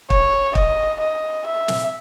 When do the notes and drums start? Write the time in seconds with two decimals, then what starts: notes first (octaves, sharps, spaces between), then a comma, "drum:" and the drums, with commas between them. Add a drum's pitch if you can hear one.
0.10 C#5, drum: kick
0.55 D#5, drum: kick
1.01 D#5
1.46 E5
1.68 drum: snare